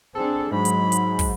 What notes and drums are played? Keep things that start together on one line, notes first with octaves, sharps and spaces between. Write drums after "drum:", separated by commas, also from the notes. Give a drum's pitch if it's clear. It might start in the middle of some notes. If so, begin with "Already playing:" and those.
C4 D4 G#4 A4
G#2 F#3 B5
drum: hi-hat
drum: hi-hat
drum: kick, open hi-hat